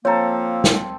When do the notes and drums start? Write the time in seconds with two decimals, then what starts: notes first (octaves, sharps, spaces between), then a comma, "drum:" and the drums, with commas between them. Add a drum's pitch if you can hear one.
0.05 F3 A#3 C4 A4 C#5 A#5
0.64 drum: snare